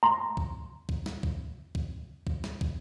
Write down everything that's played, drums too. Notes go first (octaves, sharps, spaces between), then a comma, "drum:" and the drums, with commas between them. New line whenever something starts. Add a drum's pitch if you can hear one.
A#5 C6
drum: kick
drum: kick
drum: snare
drum: kick
drum: kick
drum: kick
drum: snare
drum: kick